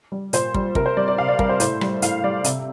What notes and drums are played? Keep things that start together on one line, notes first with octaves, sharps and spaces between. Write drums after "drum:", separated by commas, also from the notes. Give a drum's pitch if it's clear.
G3
A#2 C5, drum: hi-hat
G3, drum: kick
C3 A#4, drum: kick
C5
G3 D5
D5
C3 F5
D5
G3 A#4, drum: kick
C5
A2 C5, drum: hi-hat
G3, drum: rim click
A2 F5, drum: hi-hat
G3 D5
C3, drum: hi-hat